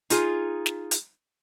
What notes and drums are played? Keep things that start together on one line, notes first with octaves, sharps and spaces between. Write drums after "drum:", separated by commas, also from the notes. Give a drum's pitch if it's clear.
D#4 F4 G#4, drum: hi-hat
drum: snare
drum: hi-hat